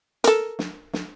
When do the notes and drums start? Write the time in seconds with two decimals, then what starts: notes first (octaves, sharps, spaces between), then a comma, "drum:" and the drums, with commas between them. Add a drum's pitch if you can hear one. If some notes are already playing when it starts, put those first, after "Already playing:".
0.24 A4 A#4, drum: hi-hat
0.59 drum: snare
0.93 drum: snare